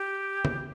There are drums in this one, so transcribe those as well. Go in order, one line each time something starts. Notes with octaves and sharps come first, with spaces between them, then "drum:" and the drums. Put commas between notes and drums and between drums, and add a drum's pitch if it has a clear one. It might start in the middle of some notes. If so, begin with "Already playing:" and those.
Already playing: G4
drum: tom C#3